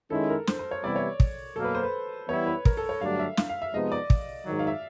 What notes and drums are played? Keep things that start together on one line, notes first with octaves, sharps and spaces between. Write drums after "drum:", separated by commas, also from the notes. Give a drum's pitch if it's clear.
D#3 G#3 C#4 E4 A4
A#4
C5, drum: snare
C5
C#5
C3 E3 G3 B3 E4 D5
C#5
drum: kick
B2 F#3 A#3 A4
B4
C5
B4
E3 G3 B3 E4 C#5
B4
A#4, drum: kick
A4
C#5
G2 D3 F#3 A3 D4 F5
E5
F5, drum: snare
F5
E5
C3 F3 G#3 B3 D#4 D#5
D5
drum: kick
G#2 D#3 F#3
F5
E5